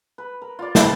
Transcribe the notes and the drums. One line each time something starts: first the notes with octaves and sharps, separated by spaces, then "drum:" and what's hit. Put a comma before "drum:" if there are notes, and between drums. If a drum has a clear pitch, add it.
B4
A#4
F4 D5
C3 G3 A5, drum: snare